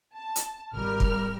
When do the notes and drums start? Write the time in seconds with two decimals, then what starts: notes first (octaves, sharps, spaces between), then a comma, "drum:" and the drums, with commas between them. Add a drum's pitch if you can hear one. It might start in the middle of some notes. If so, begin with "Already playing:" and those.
0.14 A5
0.36 drum: hi-hat
0.74 G#1 G3 A#4 F6
1.00 drum: kick